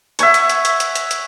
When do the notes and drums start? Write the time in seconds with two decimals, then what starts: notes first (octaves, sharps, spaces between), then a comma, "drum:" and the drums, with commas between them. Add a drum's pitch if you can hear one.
0.19 E5 F#5 G#5 C#6, drum: hi-hat
0.34 drum: hi-hat
0.49 drum: hi-hat
0.65 drum: hi-hat
0.80 drum: hi-hat
0.95 drum: hi-hat
1.11 drum: hi-hat